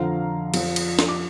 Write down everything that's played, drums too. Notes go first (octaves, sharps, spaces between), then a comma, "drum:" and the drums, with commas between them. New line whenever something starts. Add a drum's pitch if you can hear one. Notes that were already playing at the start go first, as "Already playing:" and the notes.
Already playing: F2 D3 F3 F5 A#5
F2 F3, drum: cymbal
drum: cymbal
drum: snare
D6